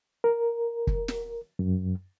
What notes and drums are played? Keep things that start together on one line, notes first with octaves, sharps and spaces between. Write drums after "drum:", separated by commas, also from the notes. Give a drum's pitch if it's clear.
A#4
drum: kick
drum: snare
F#2